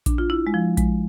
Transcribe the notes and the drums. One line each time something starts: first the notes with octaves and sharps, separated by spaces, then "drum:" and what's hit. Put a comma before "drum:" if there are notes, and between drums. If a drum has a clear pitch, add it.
D4, drum: kick A#1, hi-hat
F4
E4
G#3
F3
G#3, drum: kick A#1, hi-hat